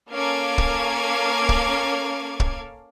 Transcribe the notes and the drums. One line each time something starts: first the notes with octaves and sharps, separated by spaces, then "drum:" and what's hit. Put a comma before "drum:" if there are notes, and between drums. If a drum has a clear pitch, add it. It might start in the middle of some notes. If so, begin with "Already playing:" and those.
A#3 C#4 A4 F5 D6 G#6
drum: kick
drum: kick
drum: kick